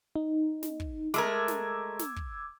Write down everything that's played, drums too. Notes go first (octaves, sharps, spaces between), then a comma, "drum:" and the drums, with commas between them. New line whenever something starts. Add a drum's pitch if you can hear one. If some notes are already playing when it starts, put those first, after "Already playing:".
D#4
drum: snare
drum: kick
G#3 A3 A#4 D6 E6 G#6, drum: snare
drum: snare
drum: snare
drum: kick